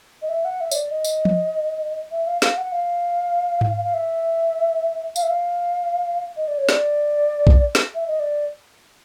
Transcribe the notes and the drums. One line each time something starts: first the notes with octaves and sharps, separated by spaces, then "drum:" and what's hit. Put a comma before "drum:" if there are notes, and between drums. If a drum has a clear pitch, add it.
D#5
E5
F#5
E5
C#5, drum: tambourine
D5
D#5
drum: tambourine
drum: tom
E5
F5
F5, drum: snare
F#5
F5
drum: tom G#2
F5
E5
F5, drum: tambourine
E5
F5
D#5
D5
C#5
D5, drum: snare
drum: kick
drum: snare
E5
D#5
D5